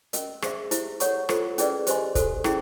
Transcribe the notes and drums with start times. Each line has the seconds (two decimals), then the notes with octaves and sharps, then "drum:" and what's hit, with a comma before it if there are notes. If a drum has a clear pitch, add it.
0.13 C#4 F#4 A#4 D#5, drum: hi-hat
0.42 G#4 C5 E5, drum: rim click
0.71 E4 G4 C5 E5, drum: hi-hat
1.00 A4 C#5 F#5 A#5 C#6, drum: hi-hat
1.29 F4 A4 C5, drum: rim click
1.58 C#4 E4 G#4 B4 D5, drum: hi-hat
1.87 G4 C5 D#5 G#5 C6, drum: hi-hat
2.15 F#4 A4 C5, drum: kick, hi-hat
2.44 C#4 E4 G#4, drum: rim click